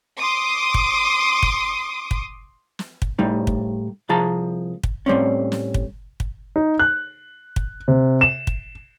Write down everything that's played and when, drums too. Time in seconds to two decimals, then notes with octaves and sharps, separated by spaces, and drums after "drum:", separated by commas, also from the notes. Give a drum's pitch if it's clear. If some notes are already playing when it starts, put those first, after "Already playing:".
0.18 C6 D6 D#6
0.74 drum: kick
1.43 drum: kick
2.11 drum: kick
2.79 drum: snare
3.02 drum: kick
3.19 A2 G3 D#4
3.47 drum: kick
4.09 C2 F3 G#4 A5 A#5
4.84 drum: kick
5.06 A2 G3 C4 C#4
5.52 drum: snare
5.74 drum: kick
6.20 drum: kick
6.56 D#4
6.79 F#6
7.56 drum: kick
7.88 C3
8.21 E7
8.47 drum: kick